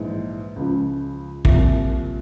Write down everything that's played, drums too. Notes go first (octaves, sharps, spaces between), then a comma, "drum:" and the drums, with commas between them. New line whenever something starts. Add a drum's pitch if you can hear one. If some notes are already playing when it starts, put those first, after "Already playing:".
Already playing: A#1 G#2 E3
C#2 C#3 F3
C2 A#2 F3, drum: kick